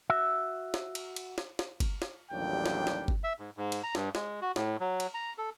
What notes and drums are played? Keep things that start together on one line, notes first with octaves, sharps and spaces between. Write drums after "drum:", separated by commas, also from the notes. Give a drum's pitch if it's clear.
F#4 E5
drum: snare
drum: cymbal
drum: cymbal
drum: snare
drum: snare
drum: kick G1, cymbal
drum: snare
A1 D#2 F#3 G3 D4 G5
drum: snare
drum: snare
drum: kick G1
E5
G#2
G#2
drum: cymbal
A#5
G2, drum: snare
G#3, drum: snare
F#4
A2, drum: snare
F#3
drum: cymbal
A#5
A4